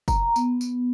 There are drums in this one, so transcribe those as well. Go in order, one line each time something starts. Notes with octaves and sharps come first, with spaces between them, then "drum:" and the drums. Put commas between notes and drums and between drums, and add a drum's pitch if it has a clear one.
A#5, drum: kick, tambourine
B3, drum: tambourine
drum: tambourine